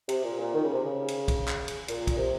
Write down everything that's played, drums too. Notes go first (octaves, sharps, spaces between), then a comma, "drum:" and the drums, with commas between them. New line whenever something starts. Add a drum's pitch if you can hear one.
C3, drum: cymbal
A#2
A#2
D#3
C#3
C3
C#3
drum: cymbal
drum: kick, cymbal
drum: clap
drum: cymbal
A#2, drum: cymbal
drum: kick, cymbal
C3